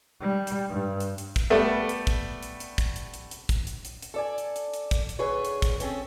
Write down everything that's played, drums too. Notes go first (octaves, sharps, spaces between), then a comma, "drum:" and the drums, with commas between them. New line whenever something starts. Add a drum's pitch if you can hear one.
G3
drum: hi-hat
G2
drum: hi-hat
drum: hi-hat
drum: kick, hi-hat
G3 A3 B3 D5 E5
drum: hi-hat
drum: kick, hi-hat
drum: hi-hat
drum: hi-hat
drum: kick, hi-hat
drum: hi-hat
drum: hi-hat
drum: hi-hat
drum: kick, hi-hat
drum: hi-hat
drum: hi-hat
drum: hi-hat
A4 D5 G#5
drum: hi-hat
drum: hi-hat
drum: hi-hat
drum: kick, hi-hat
drum: hi-hat
D3 G#4 B4 C#5
drum: hi-hat
drum: kick, hi-hat
C4 C#4 G#4 A4, drum: hi-hat